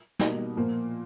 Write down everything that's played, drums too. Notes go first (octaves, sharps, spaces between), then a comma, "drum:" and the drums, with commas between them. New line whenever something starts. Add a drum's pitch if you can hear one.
B2 G3 A#3 D#4, drum: snare
A#2 F3 A#3